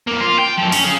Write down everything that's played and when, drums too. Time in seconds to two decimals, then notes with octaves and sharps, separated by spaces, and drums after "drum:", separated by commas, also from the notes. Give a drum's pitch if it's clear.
0.07 F2 A#3
0.21 F4
0.39 G5
0.58 F#2 F3
0.72 C#4, drum: open hi-hat
0.85 G#4 F5